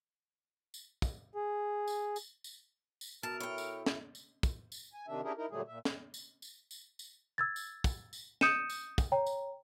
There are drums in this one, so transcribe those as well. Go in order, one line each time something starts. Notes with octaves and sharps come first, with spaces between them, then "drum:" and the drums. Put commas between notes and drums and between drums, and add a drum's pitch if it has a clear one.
drum: tambourine
drum: kick, tambourine
G#4
drum: tambourine
drum: tambourine
drum: tambourine
drum: tambourine
B2 A#4 E5 A5
E4 A4 C#5 G5
drum: tambourine
drum: snare
drum: tambourine
drum: kick, tambourine
drum: tambourine
G#5
C3 D#3 D4 E5
C#4 D4 E4 G4 G#4 A#4
D#4 E4 A#4
A#2 D3 F#3 G3 A3 G#4
A#2 E5
drum: snare
drum: tambourine
drum: tambourine
drum: tambourine
drum: tambourine
E6 G#6 A6
drum: tambourine
drum: kick, tambourine
drum: tambourine
D#6 G6 C#7 D#7 E7, drum: snare
drum: tambourine
drum: kick, tambourine
C#5 G5 A#5
drum: tambourine